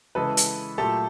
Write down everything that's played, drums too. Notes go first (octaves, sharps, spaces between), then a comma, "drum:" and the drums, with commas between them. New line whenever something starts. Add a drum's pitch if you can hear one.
C#3 E3 G#3 A4 B4
drum: hi-hat
A#2 F#3 A3 G4 A4